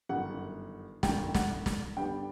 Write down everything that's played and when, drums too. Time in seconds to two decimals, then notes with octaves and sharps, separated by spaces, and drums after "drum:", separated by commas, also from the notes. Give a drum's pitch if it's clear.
0.09 G1 F#2 D#3 F#5
1.03 G1 F#2 D#3 G5, drum: snare
1.35 F#5, drum: snare
1.66 drum: snare
1.97 G2 D3 G3 B3 D4 G5